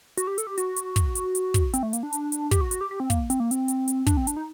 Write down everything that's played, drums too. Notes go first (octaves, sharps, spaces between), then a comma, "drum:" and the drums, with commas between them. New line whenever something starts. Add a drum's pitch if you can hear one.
F#4, drum: hi-hat
G4
A4, drum: hi-hat
G4
F#4, drum: hi-hat
drum: hi-hat
drum: kick, hi-hat
drum: hi-hat
drum: hi-hat
drum: kick, hi-hat
C4, drum: hi-hat
A3
A#3, drum: hi-hat
D4
drum: hi-hat
drum: hi-hat
G4, drum: kick, hi-hat
F#4
F#4, drum: hi-hat
G4
G4
C4
A#3, drum: kick, hi-hat
C4, drum: hi-hat
A#3
C4, drum: hi-hat
drum: hi-hat
drum: hi-hat
D4, drum: kick, hi-hat
C4
D4, drum: hi-hat
D#4